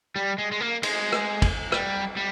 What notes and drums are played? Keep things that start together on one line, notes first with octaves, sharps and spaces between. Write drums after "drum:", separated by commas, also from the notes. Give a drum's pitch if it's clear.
G3
G#3
G#3
A#3
G#3, drum: cymbal
drum: rim click
drum: kick, cymbal
G3, drum: rim click
G3